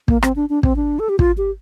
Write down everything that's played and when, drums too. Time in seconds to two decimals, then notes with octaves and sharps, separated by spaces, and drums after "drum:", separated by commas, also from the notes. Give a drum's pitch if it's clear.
0.08 A#3, drum: kick
0.23 C4, drum: rim click
0.36 D4
0.49 D4
0.63 C4, drum: kick
0.76 D4
0.99 A4
1.09 G4
1.19 F4, drum: kick
1.38 G4